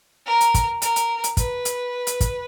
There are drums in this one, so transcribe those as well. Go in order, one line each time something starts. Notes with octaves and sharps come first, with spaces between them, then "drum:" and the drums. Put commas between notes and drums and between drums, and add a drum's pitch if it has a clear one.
A#4
drum: hi-hat
drum: kick, hi-hat
A#4, drum: hi-hat
drum: hi-hat
drum: hi-hat
B4, drum: kick, hi-hat
drum: hi-hat
drum: hi-hat
drum: kick, hi-hat